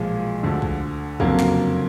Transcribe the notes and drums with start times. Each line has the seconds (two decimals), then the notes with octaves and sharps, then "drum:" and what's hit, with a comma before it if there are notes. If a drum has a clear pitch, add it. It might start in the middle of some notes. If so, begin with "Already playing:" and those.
Already playing: B1 A#2 F3 G#3
0.43 D2 D3
0.62 drum: kick B1
1.20 F#1 F2 D3 F#3 A#3, drum: kick B1
1.40 drum: clap